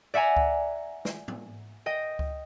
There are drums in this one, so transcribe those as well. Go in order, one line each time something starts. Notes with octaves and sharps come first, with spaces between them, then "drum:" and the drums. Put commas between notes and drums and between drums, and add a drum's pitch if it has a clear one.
D5 E5 F#5 G#5 A#5
drum: kick C#2
drum: snare
drum: tom
D#5 G5
drum: kick C#2